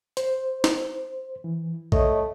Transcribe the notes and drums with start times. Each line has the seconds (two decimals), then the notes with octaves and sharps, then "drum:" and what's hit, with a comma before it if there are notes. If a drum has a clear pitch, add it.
0.17 C5, drum: hi-hat
0.64 drum: snare
1.44 E3
1.92 A3 A4 C#5 D#5, drum: kick A#1